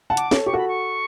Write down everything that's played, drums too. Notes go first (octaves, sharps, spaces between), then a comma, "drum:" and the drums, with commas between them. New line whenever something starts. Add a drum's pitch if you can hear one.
F#5 A5
D6, drum: hi-hat
A4 C#5, drum: snare
G4 C#6
F#4 A4 B5
C#6